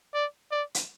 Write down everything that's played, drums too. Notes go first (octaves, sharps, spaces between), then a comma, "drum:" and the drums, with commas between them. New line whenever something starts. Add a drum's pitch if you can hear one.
D5
D5
drum: hi-hat